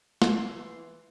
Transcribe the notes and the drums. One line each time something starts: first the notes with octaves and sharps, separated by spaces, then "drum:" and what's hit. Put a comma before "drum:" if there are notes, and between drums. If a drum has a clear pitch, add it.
E3 C6, drum: snare